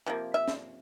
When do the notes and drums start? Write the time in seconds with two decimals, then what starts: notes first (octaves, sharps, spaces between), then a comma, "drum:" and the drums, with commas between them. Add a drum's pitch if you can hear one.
0.06 C3 F3 A#3
0.34 E5
0.48 drum: snare